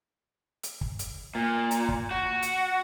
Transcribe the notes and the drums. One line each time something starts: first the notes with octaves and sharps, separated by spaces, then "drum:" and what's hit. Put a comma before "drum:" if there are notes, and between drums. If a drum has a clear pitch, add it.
drum: hi-hat
drum: kick
drum: hi-hat
A#2
drum: hi-hat
drum: kick
F#4
drum: hi-hat